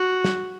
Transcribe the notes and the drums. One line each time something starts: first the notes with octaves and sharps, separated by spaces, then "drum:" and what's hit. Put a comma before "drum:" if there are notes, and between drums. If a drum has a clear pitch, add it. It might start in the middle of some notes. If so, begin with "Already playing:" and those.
Already playing: F#4
drum: snare